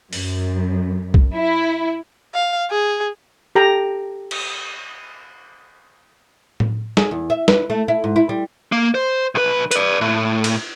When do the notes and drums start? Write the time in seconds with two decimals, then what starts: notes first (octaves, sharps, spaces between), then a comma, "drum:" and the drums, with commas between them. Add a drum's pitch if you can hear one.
0.13 F#2, drum: open hi-hat
1.14 drum: kick B1
1.35 E4
2.35 F5
2.71 G#4
3.55 G4 A4 G5 A#5
4.31 drum: cymbal
6.60 drum: tom A2
6.97 G#4, drum: snare
7.11 E2
7.30 E5
7.48 B4, drum: snare
7.70 A3
7.88 E4
8.04 G#2
8.16 E4
8.29 G3
8.72 A#3
8.95 C5
9.35 B1 B4
9.71 B4 D5, drum: hi-hat
10.01 A2
10.44 drum: cymbal